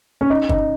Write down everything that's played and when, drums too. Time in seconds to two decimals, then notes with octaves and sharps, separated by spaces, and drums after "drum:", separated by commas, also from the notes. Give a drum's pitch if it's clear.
0.21 C#4
0.30 D#4
0.49 D#4, drum: kick